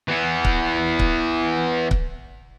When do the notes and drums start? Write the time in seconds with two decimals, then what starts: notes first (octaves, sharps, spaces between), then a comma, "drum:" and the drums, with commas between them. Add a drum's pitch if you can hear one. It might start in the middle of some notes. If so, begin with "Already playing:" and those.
0.08 E3 B3
0.44 drum: kick C#1
0.99 drum: kick C#1
1.91 drum: kick C#1